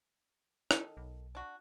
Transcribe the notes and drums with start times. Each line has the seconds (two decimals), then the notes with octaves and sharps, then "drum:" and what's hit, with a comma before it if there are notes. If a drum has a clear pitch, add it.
0.71 D#3 A4 D#5, drum: rim click
0.97 B1
1.35 D4 F#4